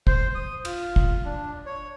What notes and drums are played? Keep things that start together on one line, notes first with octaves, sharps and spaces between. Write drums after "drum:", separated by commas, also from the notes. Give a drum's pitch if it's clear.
C5, drum: kick
D#6
F4, drum: cymbal
drum: kick
D4
C#5